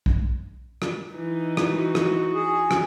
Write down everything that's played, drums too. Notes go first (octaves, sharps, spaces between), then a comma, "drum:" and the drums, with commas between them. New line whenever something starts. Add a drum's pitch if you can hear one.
drum: kick
drum: rim click
E3 D#4
drum: rim click
F#4
drum: rim click
G#4
drum: rim click